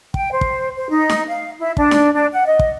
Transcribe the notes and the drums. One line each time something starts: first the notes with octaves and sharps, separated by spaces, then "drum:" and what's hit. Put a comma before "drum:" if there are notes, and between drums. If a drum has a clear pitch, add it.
G5, drum: kick
C5
drum: kick
C5
D#4
drum: snare D#4
F5
E4
D4, drum: kick
drum: snare D#4
D4
F#5
D#5
drum: kick